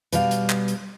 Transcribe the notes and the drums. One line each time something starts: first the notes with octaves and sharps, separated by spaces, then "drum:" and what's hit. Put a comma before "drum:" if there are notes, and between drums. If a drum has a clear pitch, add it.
B2 G3 F5, drum: hi-hat
drum: hi-hat
drum: clap
drum: hi-hat